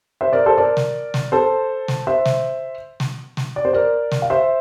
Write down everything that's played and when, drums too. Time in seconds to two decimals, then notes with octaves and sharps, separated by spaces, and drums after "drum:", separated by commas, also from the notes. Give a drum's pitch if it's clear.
0.21 C5 E5
0.33 A#4 D5
0.46 A4 C5
0.58 A#4 D5
0.77 drum: snare
1.14 drum: snare
1.32 A4 C5
1.88 drum: snare
2.07 C5 E5
2.25 drum: snare
3.00 drum: snare
3.37 drum: snare
3.56 D5
3.65 C5
3.73 A#4 D5
4.11 drum: snare
4.22 F5
4.30 C5 E5